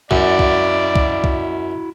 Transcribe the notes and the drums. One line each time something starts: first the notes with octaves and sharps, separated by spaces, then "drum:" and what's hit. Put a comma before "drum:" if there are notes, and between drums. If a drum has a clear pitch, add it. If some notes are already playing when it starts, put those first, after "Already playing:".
F#2 E4 F#4 D5, drum: kick
drum: kick
drum: kick
drum: kick